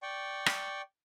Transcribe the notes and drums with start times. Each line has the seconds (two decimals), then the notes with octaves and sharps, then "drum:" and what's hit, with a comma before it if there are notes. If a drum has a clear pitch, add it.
0.03 D5 G5 C#6
0.46 drum: rim click